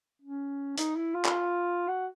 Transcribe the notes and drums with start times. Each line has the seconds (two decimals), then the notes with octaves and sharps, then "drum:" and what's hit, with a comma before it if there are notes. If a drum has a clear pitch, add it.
0.22 C#4
0.77 D#4, drum: hi-hat
0.96 E4
1.14 F4
1.25 drum: clap
1.88 F#4